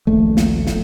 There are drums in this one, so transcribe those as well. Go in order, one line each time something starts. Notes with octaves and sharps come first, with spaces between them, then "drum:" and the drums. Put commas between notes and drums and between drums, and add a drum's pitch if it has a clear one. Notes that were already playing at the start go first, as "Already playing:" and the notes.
D#1 A#1 A3
drum: snare
drum: snare